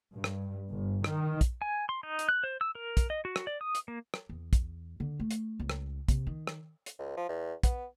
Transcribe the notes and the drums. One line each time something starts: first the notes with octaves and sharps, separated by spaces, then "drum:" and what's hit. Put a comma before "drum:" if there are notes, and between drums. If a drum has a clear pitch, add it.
G2
drum: rim click
G1
D#3, drum: rim click
drum: kick, hi-hat
G#5
C6
D#4
drum: hi-hat
F#6
C5
E6
A#4
drum: kick, hi-hat
D#5
F#4
drum: rim click
D5
D#6
drum: hi-hat
A#3
drum: rim click
E2
drum: kick, hi-hat
D3
A3
drum: hi-hat
C#2
drum: rim click
C3, drum: kick, hi-hat
D#3
drum: rim click
drum: hi-hat
C#2
F3
E2
B3, drum: kick, hi-hat